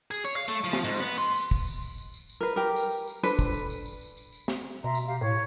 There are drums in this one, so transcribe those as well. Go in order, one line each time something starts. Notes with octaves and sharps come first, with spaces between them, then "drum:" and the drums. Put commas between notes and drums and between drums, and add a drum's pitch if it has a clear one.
G#4, drum: tambourine
C#5, drum: tambourine
F5
A3
F3
drum: snare
G#2
B3
C6, drum: tambourine
drum: tambourine
drum: kick, tambourine
drum: tambourine
drum: tambourine
drum: tambourine
drum: tambourine
drum: tambourine
A#4 B4
G4 A#4
drum: tambourine
drum: tambourine
drum: tambourine
D4 A4 B4 C5, drum: tambourine
drum: kick, tambourine
drum: tambourine
drum: tambourine
drum: tambourine
drum: tambourine
drum: tambourine
drum: tambourine
drum: snare
B2 E5 A#5 C6
drum: tambourine
G4 F5
A2 C#5